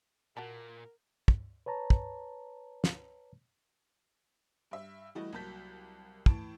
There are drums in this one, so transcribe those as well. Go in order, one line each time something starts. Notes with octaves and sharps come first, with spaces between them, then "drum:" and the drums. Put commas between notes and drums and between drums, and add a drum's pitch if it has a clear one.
A#2 F#4 A#4 A5 B5
drum: kick
B4 C#5 A5 A#5
drum: kick
drum: snare
G2 E5
E3 G3 A3 E4 F#4 D#5
C2 F#3 A#3 A5 G6 B6
A2 E3 A5 D7, drum: kick